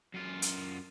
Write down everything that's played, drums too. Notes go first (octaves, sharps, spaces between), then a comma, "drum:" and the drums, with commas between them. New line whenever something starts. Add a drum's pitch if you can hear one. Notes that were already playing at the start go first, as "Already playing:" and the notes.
F#2 F4
drum: hi-hat